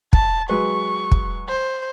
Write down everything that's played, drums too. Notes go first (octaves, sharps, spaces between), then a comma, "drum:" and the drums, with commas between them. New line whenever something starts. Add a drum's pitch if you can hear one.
A5, drum: kick
F#3 G#3 B4 C#6
drum: kick
C5